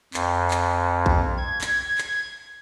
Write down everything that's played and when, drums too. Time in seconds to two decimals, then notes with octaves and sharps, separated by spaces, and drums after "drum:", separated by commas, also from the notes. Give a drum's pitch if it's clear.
0.14 F2, drum: clap
0.51 drum: clap
1.06 drum: kick A#1
1.38 G#6
1.61 drum: clap
1.98 drum: clap